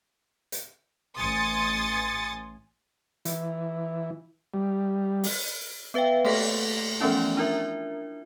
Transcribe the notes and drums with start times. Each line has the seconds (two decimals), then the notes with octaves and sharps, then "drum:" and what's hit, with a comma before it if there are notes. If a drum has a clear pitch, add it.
0.52 drum: hi-hat
1.17 A1 G#5 C6 D#6 A6 C#7
3.25 E3, drum: hi-hat
4.54 G3
5.23 drum: open hi-hat
5.94 B3 B4 E5 F5 G5
6.25 A3 A#3 A4 A#6 B6, drum: cymbal
7.00 E3 F3 A3 B3 C#4 E4
7.37 D4 E4 F4 A#4 E5